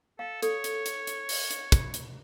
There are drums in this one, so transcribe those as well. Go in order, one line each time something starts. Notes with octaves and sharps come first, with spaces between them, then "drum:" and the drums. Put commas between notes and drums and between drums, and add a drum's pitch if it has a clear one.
A4 F5
A4 C#5, drum: hi-hat
drum: hi-hat
drum: hi-hat
drum: hi-hat
drum: open hi-hat
drum: hi-hat
drum: kick, hi-hat
drum: hi-hat